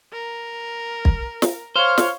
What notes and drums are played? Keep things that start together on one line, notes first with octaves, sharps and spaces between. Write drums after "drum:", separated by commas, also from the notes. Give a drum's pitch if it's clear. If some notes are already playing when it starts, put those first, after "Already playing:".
A#4
drum: kick
drum: snare
C5 C#5 F5 F6
drum: snare